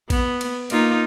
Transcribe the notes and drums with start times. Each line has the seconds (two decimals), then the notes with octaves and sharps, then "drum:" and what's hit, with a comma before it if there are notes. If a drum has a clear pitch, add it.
0.10 B3, drum: kick, cymbal
0.41 drum: cymbal
0.70 A#3 D#4 F4, drum: cymbal